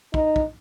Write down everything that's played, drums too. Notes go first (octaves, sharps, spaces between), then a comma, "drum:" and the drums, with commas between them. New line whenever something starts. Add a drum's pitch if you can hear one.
D#4, drum: kick
drum: kick